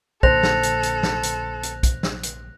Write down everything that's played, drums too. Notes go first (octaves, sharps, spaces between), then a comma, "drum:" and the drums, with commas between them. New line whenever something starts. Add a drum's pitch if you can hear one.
A#1 A#2 D3 A4 C5 F#6 A#6 F7, drum: kick
drum: snare
drum: hi-hat
drum: hi-hat
drum: snare
drum: hi-hat
drum: hi-hat
drum: kick, hi-hat
drum: snare
drum: hi-hat